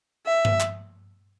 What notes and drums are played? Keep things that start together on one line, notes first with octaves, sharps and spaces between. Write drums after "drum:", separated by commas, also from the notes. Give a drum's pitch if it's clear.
E5
drum: tom G2
drum: clap